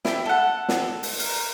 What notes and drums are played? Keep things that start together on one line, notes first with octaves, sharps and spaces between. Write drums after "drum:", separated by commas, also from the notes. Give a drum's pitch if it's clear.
E4 G4, drum: snare
A4 F#5
drum: snare
drum: open hi-hat
A#4, drum: open hi-hat